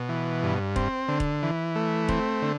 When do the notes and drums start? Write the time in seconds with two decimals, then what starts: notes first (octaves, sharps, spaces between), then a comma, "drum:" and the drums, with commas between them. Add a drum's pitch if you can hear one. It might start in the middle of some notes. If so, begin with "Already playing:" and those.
Already playing: B2
0.09 E3
0.43 G2
0.76 C4, drum: kick E1
1.08 D3
1.20 drum: kick E1
1.43 E3
1.75 A3
2.08 C4, drum: kick E1
2.42 D3